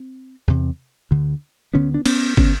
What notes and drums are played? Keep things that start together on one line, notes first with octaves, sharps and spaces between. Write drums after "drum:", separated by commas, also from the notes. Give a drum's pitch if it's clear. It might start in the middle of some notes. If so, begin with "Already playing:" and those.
Already playing: C4
E2 C3
D2 D3
D2 D3 B3 C#4
D4
B3 C#4, drum: cymbal
D3 B3 C#4, drum: kick